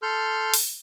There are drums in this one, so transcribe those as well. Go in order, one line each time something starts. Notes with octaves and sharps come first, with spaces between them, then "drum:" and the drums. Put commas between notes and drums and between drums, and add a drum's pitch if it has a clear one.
A4 C6 F6 G6
drum: open hi-hat